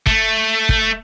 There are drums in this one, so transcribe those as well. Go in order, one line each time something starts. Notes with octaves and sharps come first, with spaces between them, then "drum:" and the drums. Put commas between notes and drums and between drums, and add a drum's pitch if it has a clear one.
A3, drum: kick
drum: kick